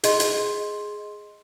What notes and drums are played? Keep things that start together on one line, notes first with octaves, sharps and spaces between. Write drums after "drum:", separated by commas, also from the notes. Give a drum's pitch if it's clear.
G#4 D#5 C6, drum: hi-hat
drum: hi-hat